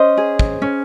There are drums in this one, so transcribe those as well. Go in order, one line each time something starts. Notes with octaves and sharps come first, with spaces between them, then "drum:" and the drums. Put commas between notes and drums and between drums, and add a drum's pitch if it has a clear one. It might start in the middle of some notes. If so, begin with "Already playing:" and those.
Already playing: C#4 C5 D#5
G#4
drum: kick
C#4